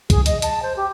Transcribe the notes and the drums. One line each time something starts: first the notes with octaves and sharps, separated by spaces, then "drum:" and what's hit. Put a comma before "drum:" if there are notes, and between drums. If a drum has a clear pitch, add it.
G#4, drum: kick C2, hi-hat
D#5, drum: hi-hat
A5, drum: hi-hat
C5
G4